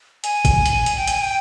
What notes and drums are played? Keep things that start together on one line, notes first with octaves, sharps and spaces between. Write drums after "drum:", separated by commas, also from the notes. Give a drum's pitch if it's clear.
G#5, drum: hi-hat
drum: kick, hi-hat
drum: hi-hat
drum: hi-hat
G5
G#5, drum: hi-hat
G5